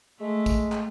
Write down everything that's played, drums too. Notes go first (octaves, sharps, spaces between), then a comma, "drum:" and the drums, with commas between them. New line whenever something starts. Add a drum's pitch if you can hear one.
G#3 A3
drum: kick, tambourine
drum: clap